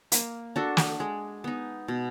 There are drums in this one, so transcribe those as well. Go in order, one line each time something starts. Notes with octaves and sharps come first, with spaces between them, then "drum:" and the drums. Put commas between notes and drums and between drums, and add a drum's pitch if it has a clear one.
A#3, drum: hi-hat
D4 F#4 A4
drum: snare
G#3
B3 D#4
B2